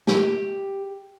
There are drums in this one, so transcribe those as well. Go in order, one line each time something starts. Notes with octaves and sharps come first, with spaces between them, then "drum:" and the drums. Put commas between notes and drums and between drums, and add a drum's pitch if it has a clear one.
G4, drum: snare